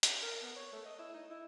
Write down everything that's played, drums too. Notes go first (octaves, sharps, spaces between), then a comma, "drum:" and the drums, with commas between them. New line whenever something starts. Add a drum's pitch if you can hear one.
drum: hi-hat
A#4
B3
C#5
A3
D#5
E4
D#4
E4